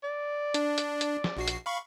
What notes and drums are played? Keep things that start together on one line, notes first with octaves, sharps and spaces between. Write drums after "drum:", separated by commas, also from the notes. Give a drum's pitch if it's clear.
D5
D4, drum: hi-hat
drum: hi-hat
drum: hi-hat
drum: snare
A#1 F#4 C7
drum: hi-hat
F5 B5 C#6